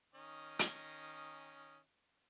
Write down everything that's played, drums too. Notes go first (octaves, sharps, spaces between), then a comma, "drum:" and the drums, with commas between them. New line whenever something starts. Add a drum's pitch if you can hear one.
D#3 C#4 D#5
drum: hi-hat